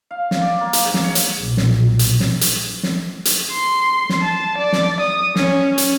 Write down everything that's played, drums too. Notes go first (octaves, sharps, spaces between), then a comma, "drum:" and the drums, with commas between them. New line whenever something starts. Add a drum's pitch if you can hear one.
F5
drum: snare
D5
A#3
drum: hi-hat
G#2
drum: snare
C#5
drum: hi-hat
B1 A#2
drum: snare
drum: hi-hat
drum: snare
drum: hi-hat
drum: snare
drum: hi-hat
C6
drum: snare
A5
D5
drum: snare
D#6
C#4, drum: snare
drum: hi-hat